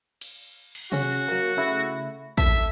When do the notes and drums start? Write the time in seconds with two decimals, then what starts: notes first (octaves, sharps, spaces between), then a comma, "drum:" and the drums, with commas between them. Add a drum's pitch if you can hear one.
0.21 drum: cymbal
0.75 drum: cymbal
0.92 C#3 C#4 F#4, drum: tom C3
1.28 F#3 A#3
1.57 C#3 A3 E4
2.38 A4 E5, drum: kick